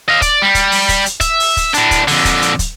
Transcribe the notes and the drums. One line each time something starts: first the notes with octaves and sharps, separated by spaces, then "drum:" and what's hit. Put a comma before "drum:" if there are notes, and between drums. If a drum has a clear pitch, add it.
D#5 F5
D5, drum: kick, hi-hat
G3
drum: kick, hi-hat
drum: open hi-hat
drum: kick, hi-hat
drum: hi-hat
E5, drum: kick, hi-hat
drum: open hi-hat
drum: kick, hi-hat
A2 D4, drum: hi-hat
drum: kick, hi-hat
F2 D3, drum: open hi-hat
drum: kick, hi-hat
drum: hi-hat
drum: kick, hi-hat